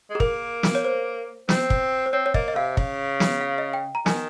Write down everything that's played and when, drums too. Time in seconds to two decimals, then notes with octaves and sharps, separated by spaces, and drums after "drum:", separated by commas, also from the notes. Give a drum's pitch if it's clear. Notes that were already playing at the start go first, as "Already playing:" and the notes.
0.10 G#3
0.15 G#4
0.20 A#3 A#4, drum: kick
0.63 drum: snare
0.75 C#5
0.85 C5
1.49 C4, drum: snare
1.70 drum: kick
2.06 C5
2.13 C4 C#5
2.26 C#5
2.34 A#3 D#5, drum: kick
2.48 D#5
2.56 C3 F5
2.77 C#3, drum: kick
3.20 drum: snare
3.41 F5
3.58 D#5
3.74 G5
3.95 A#5
4.06 D#3 G#5, drum: snare